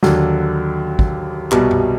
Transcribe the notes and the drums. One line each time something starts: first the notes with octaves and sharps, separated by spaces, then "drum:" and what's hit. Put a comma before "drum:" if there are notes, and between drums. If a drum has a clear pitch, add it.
D#2 D3 F#3, drum: snare
drum: kick
C2 B2 G3, drum: clap
drum: tom F#2